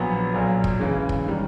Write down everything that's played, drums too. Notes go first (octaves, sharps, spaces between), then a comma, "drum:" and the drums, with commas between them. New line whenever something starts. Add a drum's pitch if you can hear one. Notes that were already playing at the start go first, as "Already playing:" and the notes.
Already playing: A#1 A#2 F#3 B3
B1 A#2 F#3
drum: kick
C#3 E3 G#3
drum: kick
D#3 G3